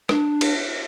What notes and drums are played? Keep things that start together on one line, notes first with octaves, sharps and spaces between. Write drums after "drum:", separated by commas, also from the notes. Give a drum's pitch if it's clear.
D4, drum: rim click
drum: cymbal